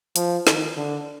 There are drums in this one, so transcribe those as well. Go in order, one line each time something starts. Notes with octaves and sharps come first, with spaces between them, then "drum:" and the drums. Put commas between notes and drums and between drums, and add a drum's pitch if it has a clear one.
F3, drum: hi-hat
D#3, drum: snare
D3